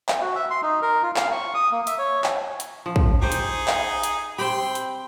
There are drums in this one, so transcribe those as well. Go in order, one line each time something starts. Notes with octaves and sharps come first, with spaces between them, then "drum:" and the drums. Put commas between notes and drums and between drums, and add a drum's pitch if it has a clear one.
drum: clap
F#4
E5
C6
D#4
A#4
F4
F5, drum: clap
C#6
D#6
A#3
E5, drum: hi-hat
C#5
drum: clap
drum: hi-hat
F3
drum: kick
D#4 G4 G#4 C5
drum: hi-hat
drum: clap
drum: hi-hat
C4 G4 G5 B5 C6
drum: hi-hat